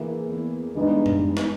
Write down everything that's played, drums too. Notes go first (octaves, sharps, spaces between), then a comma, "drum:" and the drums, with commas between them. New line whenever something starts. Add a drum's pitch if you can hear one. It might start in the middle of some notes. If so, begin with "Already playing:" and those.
Already playing: E3 A#3 E4 G#4
E2
G2 E3 G#3 B3 D#4
drum: tom F#2
drum: snare